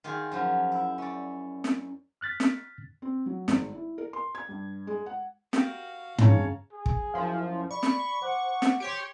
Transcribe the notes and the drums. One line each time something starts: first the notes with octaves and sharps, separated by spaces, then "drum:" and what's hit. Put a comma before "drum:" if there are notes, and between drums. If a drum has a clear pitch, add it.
D#3 F4 G4 G#4
F#2 F3 F#3
E4
C#4 D5
drum: snare
F6 F#6 A6 B6
drum: snare
C4
F#3
G#1, drum: snare
E4
A#4
C6
G#6
G2
G#3
F#5
F#4 G4 A#4 F5, drum: snare
C#3 C#5 A5 A#5, drum: tom
G#4
drum: kick
F#2 F3 E4 F5
D5 B5 C#6
drum: snare
C5 F#5 D6
drum: snare
G4 C#5 C6